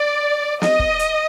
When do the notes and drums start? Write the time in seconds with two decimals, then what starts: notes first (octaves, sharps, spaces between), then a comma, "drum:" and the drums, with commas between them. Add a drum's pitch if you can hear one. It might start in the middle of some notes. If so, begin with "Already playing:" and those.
Already playing: D5
0.62 D#5, drum: snare
0.79 drum: kick
0.99 drum: hi-hat